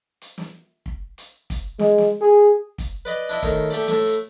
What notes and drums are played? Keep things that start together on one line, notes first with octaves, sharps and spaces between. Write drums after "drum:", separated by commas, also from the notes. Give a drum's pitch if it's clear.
drum: hi-hat
drum: snare
drum: kick
drum: hi-hat
drum: kick, hi-hat
G#3, drum: snare
drum: snare
G#4
drum: kick, hi-hat
B4 D5 D#5
D4 E4 D#5
A2 D#3, drum: kick, hi-hat
A3 G4 D5
A2 A3, drum: snare
drum: hi-hat